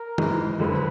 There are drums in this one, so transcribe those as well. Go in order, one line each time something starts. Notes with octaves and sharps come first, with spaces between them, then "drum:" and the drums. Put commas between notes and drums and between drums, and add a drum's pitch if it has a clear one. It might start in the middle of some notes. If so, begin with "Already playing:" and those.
Already playing: A#4
G#1 G#2 E3 G#3, drum: tom
F#1 F2 D3 F3 G#3 B4